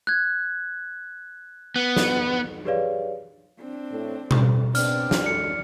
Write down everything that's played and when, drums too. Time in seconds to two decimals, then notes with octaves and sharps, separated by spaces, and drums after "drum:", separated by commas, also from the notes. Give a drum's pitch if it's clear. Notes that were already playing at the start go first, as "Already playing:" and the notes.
0.07 F#6 G#6
1.76 B3 F#6
1.96 drum: snare
2.65 G4 G#4 B4 C#5 D5 F5
3.59 C4 D4
3.92 A2
4.31 F2 G3, drum: tom B2
4.75 C#3 B3 C4 D4 D5 F6, drum: hi-hat
5.11 drum: snare
5.26 F#2 G#3 A4 C#7